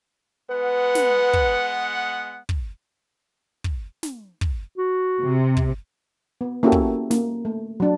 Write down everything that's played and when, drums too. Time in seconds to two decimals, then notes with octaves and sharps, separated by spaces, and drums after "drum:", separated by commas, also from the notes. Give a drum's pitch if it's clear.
0.51 G#3 B3 B4 F#5
0.95 drum: snare
1.34 drum: kick
2.49 drum: kick
3.64 drum: kick
4.03 drum: snare
4.41 drum: kick
4.78 F#4
5.21 C3
5.57 drum: kick
6.41 B3
6.63 A#3 C#4 E4 F#4 G4 A4
6.72 drum: kick
7.11 A#3, drum: snare
7.45 A3
7.80 F#3 D4